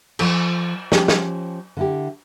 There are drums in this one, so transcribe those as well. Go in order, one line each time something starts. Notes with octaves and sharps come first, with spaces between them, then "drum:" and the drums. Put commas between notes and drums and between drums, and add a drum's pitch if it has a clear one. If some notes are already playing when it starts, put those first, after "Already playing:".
F3 A4, drum: cymbal
F3 C#4 G4, drum: snare
drum: snare
D3 E4 G4